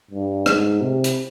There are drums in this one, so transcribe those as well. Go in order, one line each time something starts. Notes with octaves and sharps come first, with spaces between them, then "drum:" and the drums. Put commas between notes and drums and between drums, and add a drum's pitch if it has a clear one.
G2
G#2, drum: rim click
C3
drum: hi-hat